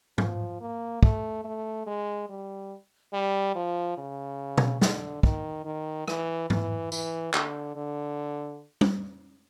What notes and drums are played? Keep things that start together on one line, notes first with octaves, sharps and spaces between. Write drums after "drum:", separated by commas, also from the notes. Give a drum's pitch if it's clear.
F3, drum: tom G#2
A#3
A3, drum: kick
A3
G#3
G3
G3
F3
C#3
drum: tom B2
D3, drum: snare
D#3, drum: kick
D#3
E3, drum: rim click
E3, drum: tom G#2
E3, drum: tambourine
D3, drum: clap
D3
drum: tom